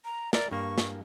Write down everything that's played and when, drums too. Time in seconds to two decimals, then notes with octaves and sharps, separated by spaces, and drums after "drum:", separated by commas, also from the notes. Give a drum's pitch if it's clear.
0.05 A#5
0.33 A#4 D5 E5, drum: snare
0.51 G2 A#3 C#6
0.78 drum: snare